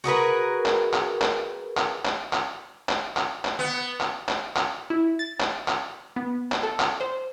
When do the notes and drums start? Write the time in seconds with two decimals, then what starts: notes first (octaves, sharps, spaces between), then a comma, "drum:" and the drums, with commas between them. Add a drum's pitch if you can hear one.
0.04 F#4 G#4 A#4 B4
0.66 drum: clap
0.94 drum: clap
1.22 drum: clap
1.77 drum: clap
2.05 drum: clap
2.33 drum: clap
2.89 drum: clap
3.17 drum: clap
3.45 drum: clap
3.59 B3
4.01 drum: clap
4.29 drum: clap
4.57 drum: clap
4.90 E4
5.19 A6
5.40 drum: clap
5.68 drum: clap
6.16 B3
6.52 drum: clap
6.63 A4
6.80 drum: clap
7.00 C5